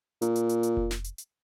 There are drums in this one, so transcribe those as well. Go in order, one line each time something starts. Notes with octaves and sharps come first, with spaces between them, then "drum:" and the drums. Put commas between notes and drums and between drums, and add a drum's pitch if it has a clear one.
A#2, drum: hi-hat
drum: hi-hat
drum: hi-hat
drum: hi-hat
drum: kick F1
drum: snare
drum: hi-hat
drum: hi-hat